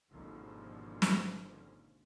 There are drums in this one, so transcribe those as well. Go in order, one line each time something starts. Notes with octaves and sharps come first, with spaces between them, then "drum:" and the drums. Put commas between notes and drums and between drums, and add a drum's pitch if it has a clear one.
G#1 D#2 B2 D3 F3 C#4
drum: snare